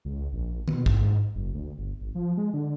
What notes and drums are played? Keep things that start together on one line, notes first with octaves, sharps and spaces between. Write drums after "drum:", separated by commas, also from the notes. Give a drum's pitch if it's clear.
C#2
A#1
B2, drum: tom D#3
G#2, drum: kick
F#1
D2
G1
G#1
F3
G#3
D3